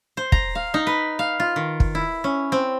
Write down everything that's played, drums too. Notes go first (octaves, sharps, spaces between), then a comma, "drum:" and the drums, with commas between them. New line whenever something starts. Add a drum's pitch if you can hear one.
C5
A#5, drum: kick
F5
D#4
B4
F5
F4
D#3
drum: kick
E4
C#4
C4